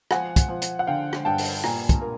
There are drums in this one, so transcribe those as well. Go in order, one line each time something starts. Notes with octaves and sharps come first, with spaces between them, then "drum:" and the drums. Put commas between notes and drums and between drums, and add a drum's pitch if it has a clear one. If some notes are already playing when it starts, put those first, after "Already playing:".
F3 F#5 G#5, drum: rim click
drum: kick, hi-hat
F3
drum: hi-hat
F#5
D3 F5 G5
drum: rim click
G2 G5 A5
drum: open hi-hat
A#2 G#5 A#5, drum: rim click
drum: kick, hi-hat
A#3